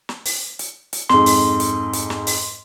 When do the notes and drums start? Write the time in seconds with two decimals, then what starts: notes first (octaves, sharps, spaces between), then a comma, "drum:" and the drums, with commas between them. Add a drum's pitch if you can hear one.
0.09 drum: snare
0.26 drum: open hi-hat
0.59 drum: hi-hat
0.93 drum: hi-hat
1.09 F2 G#2 C6, drum: snare
1.26 drum: open hi-hat
1.60 drum: hi-hat
1.93 drum: hi-hat
2.10 drum: snare
2.27 drum: open hi-hat